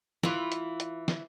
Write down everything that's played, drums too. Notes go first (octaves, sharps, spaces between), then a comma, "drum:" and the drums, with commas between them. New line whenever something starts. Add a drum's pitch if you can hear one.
E3 F4, drum: snare
drum: hi-hat
drum: hi-hat
drum: snare